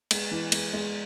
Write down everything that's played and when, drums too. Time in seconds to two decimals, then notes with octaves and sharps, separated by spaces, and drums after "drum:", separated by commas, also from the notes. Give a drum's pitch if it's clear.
0.11 G#3, drum: cymbal
0.31 E3
0.52 G#3, drum: cymbal
0.73 G#3